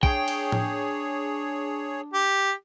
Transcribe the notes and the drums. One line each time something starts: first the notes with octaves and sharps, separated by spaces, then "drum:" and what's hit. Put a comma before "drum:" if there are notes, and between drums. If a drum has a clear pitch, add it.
D4 G#4 C#5 G5, drum: kick
drum: cymbal
drum: tom A2
G4